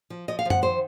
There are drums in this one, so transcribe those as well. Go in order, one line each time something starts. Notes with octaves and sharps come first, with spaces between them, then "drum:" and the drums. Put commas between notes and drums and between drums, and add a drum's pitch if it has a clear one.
F3
F3 D#5
F5
F3
F#5, drum: tom F#2
D#3 C5